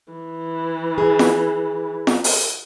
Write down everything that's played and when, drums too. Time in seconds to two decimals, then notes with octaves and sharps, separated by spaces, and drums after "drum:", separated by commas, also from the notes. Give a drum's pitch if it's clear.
0.13 E3
0.98 G#4
1.19 drum: snare F4
2.07 drum: snare F4
2.24 drum: open hi-hat